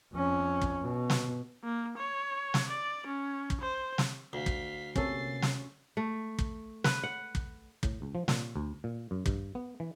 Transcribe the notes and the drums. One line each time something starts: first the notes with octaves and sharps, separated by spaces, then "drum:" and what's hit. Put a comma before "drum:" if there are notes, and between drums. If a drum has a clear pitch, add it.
F2 C#4
drum: kick
B2
drum: snare
A#3
C#5
drum: snare
D5
C#4
drum: kick
C5
drum: snare
D2 F5 B6
drum: kick
C3 A#3 C#4 A4 A6 C7, drum: kick
drum: snare
A3
drum: kick
B4, drum: snare
F#5
drum: kick
A2, drum: kick
C#2
F3
A#2, drum: snare
D2
A#2
F#2
G2, drum: kick
B3
E3